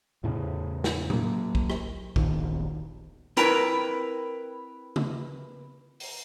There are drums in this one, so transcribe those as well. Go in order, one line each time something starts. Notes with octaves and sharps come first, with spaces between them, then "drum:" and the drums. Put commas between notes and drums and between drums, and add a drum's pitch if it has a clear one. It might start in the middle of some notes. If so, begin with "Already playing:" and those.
E2 A2 C#3
drum: snare
F#3 A#3, drum: tom A2
drum: kick
drum: rim click
E1 A#1 D#3, drum: kick
C4 E4 A#4 B4 G5 A#5, drum: hi-hat
drum: tom C#3
drum: open hi-hat